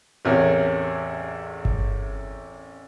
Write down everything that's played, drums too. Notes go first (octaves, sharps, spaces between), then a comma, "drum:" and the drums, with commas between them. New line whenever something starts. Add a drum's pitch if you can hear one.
A1 E2 C3 C#4 A#4 F6
drum: kick G1